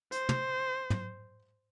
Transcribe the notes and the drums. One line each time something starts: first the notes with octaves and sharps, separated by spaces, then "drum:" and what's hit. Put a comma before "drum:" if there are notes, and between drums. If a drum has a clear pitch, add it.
C5, drum: hi-hat
drum: tom
drum: tom